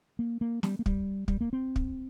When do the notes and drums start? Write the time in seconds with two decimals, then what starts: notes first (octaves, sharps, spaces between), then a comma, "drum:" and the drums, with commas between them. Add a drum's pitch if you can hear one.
0.19 A#3
0.41 A#3
0.63 G3, drum: snare
0.79 A#3
0.86 G3, drum: kick
1.28 G3, drum: kick
1.41 A#3
1.53 C4
1.76 drum: kick